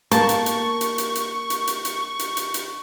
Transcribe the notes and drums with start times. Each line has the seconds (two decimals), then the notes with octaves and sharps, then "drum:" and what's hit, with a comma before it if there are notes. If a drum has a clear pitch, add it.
0.11 A#3 A5 C#6, drum: hi-hat
0.29 drum: hi-hat
0.46 drum: hi-hat
0.81 drum: hi-hat
0.98 drum: hi-hat
1.15 drum: hi-hat
1.50 drum: hi-hat
1.67 drum: hi-hat
1.85 drum: hi-hat
2.19 drum: hi-hat
2.37 drum: hi-hat
2.54 drum: hi-hat